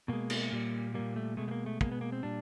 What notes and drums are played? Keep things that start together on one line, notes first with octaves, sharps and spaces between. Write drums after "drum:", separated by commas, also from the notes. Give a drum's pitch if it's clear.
B2 G#3 A#3
drum: cymbal
A#2 G3
A#2 G3 A#3
A3
B2 G#3 A3
A3
A#3
A3
B2 G#3 A#3, drum: kick
B3
A#3
C4
A#2 G3 D4